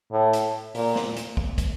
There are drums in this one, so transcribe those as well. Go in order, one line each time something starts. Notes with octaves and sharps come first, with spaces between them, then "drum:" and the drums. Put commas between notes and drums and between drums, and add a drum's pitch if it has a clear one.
A2
drum: hi-hat
A#2, drum: open hi-hat
drum: snare
drum: hi-hat
drum: kick
drum: kick, hi-hat